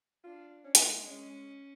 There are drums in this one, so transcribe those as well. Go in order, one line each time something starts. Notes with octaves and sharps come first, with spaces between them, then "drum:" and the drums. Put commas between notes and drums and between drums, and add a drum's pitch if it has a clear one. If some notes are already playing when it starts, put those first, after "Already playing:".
D4 F4
C#4
B3, drum: hi-hat
G#3
G#3 C#4
G#3